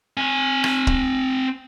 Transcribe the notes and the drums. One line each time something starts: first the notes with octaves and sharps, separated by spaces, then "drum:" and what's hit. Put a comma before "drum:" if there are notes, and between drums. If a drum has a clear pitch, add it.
C4 G#5
drum: rim click
drum: kick